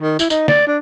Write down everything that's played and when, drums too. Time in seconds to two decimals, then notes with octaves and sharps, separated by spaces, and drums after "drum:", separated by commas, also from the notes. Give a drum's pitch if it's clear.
0.01 D#3
0.19 E4, drum: tambourine
0.30 D#4, drum: tambourine
0.48 D5, drum: snare
0.67 D4